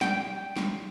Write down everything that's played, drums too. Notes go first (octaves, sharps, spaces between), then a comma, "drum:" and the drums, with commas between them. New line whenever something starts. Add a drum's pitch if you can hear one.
G5, drum: snare
drum: snare